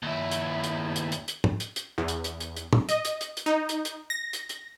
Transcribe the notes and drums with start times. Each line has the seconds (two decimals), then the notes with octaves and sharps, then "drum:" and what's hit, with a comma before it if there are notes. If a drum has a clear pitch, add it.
0.03 D#2 E4
0.31 drum: hi-hat
0.64 drum: hi-hat
0.96 drum: hi-hat
1.12 drum: hi-hat
1.28 drum: hi-hat
1.44 drum: tom
1.60 drum: hi-hat
1.76 drum: hi-hat
1.98 E2
2.08 drum: hi-hat
2.24 drum: hi-hat
2.40 drum: hi-hat
2.56 drum: hi-hat
2.73 drum: tom
2.89 D#5, drum: hi-hat
3.05 drum: hi-hat
3.21 drum: hi-hat
3.37 drum: hi-hat
3.46 D#4
3.69 drum: hi-hat
3.85 drum: hi-hat
4.10 A#6
4.33 drum: hi-hat
4.49 drum: hi-hat